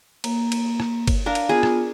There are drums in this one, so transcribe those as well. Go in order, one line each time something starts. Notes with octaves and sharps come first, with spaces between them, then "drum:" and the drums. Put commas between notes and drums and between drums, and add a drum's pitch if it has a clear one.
A#3, drum: cymbal
drum: cymbal
drum: rim click
drum: kick G1, cymbal
D4 A#4 F5
drum: cymbal
B3 F4 G#4
drum: rim click